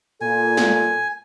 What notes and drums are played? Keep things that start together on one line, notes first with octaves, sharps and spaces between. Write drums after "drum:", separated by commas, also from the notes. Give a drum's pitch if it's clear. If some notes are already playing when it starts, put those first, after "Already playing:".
A#2 A4 G#5
drum: snare